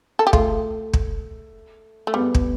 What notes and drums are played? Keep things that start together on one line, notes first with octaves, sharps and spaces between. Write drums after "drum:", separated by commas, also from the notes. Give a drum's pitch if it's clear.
A4
G4
A3 F4, drum: kick
drum: kick
A3
G3 B3
drum: kick